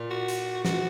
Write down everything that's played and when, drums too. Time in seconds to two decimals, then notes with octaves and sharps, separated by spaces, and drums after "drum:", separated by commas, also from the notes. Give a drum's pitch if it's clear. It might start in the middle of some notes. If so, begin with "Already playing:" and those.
Already playing: A#2
0.10 F#4
0.28 drum: hi-hat
0.65 F#4, drum: snare